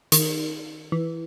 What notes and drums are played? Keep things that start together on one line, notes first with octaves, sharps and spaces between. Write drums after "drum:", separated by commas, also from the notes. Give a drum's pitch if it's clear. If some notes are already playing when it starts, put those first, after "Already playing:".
D#3, drum: hi-hat
E3